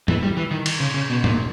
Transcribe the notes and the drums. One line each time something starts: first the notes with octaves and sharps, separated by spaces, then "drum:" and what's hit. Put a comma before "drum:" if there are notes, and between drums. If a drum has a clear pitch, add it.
E3, drum: tom G#2
G3
E3
D#3
drum: cymbal
C#3
C#3
B2
A#2, drum: tom G#2